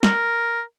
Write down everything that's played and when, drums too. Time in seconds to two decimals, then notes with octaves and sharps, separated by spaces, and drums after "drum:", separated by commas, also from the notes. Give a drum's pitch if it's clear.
0.03 A#4, drum: snare